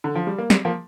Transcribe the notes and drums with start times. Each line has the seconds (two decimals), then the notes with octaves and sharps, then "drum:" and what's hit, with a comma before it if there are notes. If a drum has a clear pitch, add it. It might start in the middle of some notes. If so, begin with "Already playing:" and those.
0.04 D3
0.15 F3
0.27 G3
0.38 A#3
0.50 G3 C4, drum: snare
0.65 F3 A#3